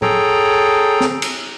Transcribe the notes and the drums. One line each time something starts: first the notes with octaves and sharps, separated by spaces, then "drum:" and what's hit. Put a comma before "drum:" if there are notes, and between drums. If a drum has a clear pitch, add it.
G#4 A4 C#5 G5 A#5, drum: tom A2
drum: snare C4
drum: cymbal